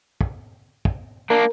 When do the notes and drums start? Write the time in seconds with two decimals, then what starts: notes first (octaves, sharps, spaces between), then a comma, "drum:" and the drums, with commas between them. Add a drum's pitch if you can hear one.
0.21 drum: kick
0.85 drum: kick
1.30 A#3 D4 A#4